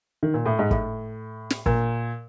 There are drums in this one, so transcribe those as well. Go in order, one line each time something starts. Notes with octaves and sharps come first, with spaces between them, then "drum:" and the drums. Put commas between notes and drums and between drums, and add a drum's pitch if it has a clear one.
D#3
A#2
A2
G#2
A2, drum: kick
drum: snare
A#2, drum: kick